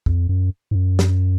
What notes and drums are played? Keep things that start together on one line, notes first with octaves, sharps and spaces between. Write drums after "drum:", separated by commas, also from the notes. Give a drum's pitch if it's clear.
F2, drum: kick
F#2
G#2
F#2
drum: snare